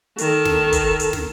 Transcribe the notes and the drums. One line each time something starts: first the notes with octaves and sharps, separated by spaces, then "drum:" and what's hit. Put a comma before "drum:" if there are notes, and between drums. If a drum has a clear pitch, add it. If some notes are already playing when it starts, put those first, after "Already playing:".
D#3 A4, drum: hi-hat
drum: snare
drum: kick, hi-hat
drum: hi-hat
drum: snare